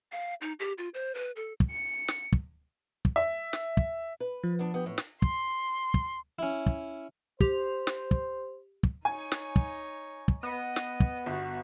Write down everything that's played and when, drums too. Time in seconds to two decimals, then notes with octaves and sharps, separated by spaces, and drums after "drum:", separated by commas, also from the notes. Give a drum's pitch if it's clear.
0.12 F5
0.41 D#4
0.60 G4
0.78 F4
0.94 C5
1.15 B4
1.36 A4
1.60 drum: kick
1.71 C#7
2.08 drum: snare
2.32 drum: kick
3.05 drum: kick
3.16 E5
3.53 drum: snare
3.77 drum: kick
4.20 B4
4.44 F3
4.59 B3 D4
4.74 B3 G4
4.86 A2
4.98 drum: snare
5.22 C6, drum: kick
5.94 drum: kick
6.39 C#4 E4
6.66 drum: kick
7.40 G4 C5 F7, drum: kick
7.87 drum: snare
8.11 drum: kick
8.83 drum: kick
9.05 D#4 C#5 G#5
9.32 drum: snare
9.56 drum: kick
10.28 drum: kick
10.43 B3 D#5
10.76 drum: snare
11.00 drum: kick
11.26 G1 F#4